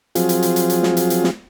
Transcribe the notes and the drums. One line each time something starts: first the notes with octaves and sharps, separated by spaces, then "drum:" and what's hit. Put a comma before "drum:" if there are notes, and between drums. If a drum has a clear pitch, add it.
F3 F#3 C4 F4 G#4, drum: hi-hat
drum: hi-hat
drum: hi-hat
drum: hi-hat
drum: hi-hat
drum: snare
drum: hi-hat
drum: hi-hat
drum: snare